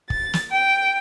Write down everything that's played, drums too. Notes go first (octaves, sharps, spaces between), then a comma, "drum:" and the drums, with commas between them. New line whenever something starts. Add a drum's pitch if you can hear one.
A6, drum: kick
drum: snare
G5